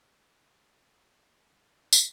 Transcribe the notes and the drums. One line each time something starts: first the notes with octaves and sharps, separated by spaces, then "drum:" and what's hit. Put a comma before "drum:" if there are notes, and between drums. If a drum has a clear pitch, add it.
F#3
drum: tambourine